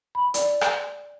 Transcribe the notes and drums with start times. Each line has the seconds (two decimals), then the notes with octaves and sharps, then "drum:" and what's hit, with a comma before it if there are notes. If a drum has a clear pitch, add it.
0.15 B5
0.34 D5, drum: hi-hat
0.61 drum: rim click